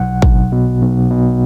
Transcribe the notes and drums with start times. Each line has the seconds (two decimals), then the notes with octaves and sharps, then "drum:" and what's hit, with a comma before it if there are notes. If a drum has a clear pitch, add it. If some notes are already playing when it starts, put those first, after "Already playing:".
Already playing: B1 F#5
0.22 B1, drum: kick
0.52 B2
0.81 B1
1.11 B2